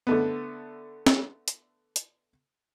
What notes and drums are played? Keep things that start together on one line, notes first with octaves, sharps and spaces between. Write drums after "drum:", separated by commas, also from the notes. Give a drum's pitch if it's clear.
D3 A3 B3
drum: snare
drum: hi-hat
drum: hi-hat